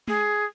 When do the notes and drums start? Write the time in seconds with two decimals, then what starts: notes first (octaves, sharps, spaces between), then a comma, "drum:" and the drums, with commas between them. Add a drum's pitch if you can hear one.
0.08 G#4, drum: tom G#3